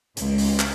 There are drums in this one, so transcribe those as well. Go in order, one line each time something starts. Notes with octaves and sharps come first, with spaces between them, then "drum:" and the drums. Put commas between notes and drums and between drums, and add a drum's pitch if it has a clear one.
C#2, drum: hi-hat
drum: open hi-hat
drum: clap